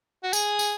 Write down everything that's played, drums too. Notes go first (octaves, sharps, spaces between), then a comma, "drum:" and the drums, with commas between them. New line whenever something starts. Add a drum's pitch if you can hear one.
F#4
G#4, drum: tambourine
drum: tambourine